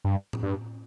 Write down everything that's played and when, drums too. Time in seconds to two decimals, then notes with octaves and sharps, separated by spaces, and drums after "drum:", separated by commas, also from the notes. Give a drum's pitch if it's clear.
0.04 G2
0.33 drum: tom A2
0.43 G2